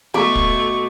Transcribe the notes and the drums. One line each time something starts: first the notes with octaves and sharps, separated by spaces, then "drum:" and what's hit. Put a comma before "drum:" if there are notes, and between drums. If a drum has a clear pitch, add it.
B2 A3 B5 C#6 D6
drum: kick